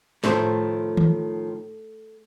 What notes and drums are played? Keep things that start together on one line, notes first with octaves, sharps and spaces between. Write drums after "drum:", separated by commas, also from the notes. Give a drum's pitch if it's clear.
A2 D#3 F3 A3 C5, drum: snare
drum: tom D#3